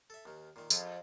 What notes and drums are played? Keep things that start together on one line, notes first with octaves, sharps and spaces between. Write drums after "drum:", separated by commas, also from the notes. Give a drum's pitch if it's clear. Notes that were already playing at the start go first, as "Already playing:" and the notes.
A4 E5
D#2 D#3
A#2 D#3
F2 F4 G#4 A4, drum: tambourine